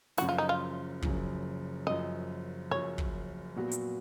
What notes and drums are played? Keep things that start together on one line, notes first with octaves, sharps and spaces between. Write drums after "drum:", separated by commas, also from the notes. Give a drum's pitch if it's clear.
F#1 F#2 F3 F#4, drum: snare
F4
D#4
F4
F#1 F#2 F3, drum: kick
F#1 F#2 F3 D#5
F#1 F#2 F3 C#5
drum: kick
A#2 F#3 B3 F#4
drum: hi-hat